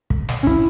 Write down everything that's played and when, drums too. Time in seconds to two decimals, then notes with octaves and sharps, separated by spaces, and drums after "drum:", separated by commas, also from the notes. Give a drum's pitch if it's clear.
0.10 drum: kick
0.29 drum: snare
0.43 C#4
0.47 E4, drum: kick